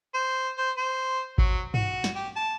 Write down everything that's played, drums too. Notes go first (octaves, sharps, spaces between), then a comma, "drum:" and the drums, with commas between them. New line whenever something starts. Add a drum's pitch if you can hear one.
C5
C5
C5
F#3, drum: kick G#1
F#4, drum: tom
drum: snare
G4
A5